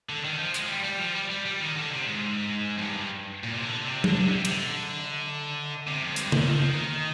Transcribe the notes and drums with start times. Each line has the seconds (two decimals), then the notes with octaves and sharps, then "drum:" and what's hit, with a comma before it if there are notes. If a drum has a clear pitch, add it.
0.09 D3
0.24 D#3
0.39 F3
0.54 G#3, drum: hi-hat
0.62 F3
0.69 G3
0.84 G3
1.00 F3
1.15 G3
1.30 G3
1.46 G3
1.61 D#3
1.76 D3
1.91 C3
2.06 G#2
2.78 F2
2.82 G2
3.43 A#2
3.53 C3
3.64 D3
3.83 C3
4.04 D3, drum: tom F#3
4.19 C3
4.27 D3
4.35 C3
4.45 C3, drum: cymbal
4.50 D3
5.87 C3
6.01 F2
6.16 G2, drum: hi-hat
6.32 D3, drum: tom C#3
6.47 D#3
6.58 F3
6.69 D#3